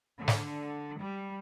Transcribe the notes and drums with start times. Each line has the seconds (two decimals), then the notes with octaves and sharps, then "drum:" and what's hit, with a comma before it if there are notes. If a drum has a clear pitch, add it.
0.18 D3
0.28 drum: snare
0.99 G3